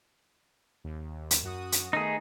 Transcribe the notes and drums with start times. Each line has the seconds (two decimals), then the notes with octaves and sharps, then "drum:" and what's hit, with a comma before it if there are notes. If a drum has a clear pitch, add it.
0.84 D#2
1.31 drum: hi-hat
1.43 F#2 F#4 D#6
1.72 drum: hi-hat
1.93 D#3 A3 B3 D#4 G#4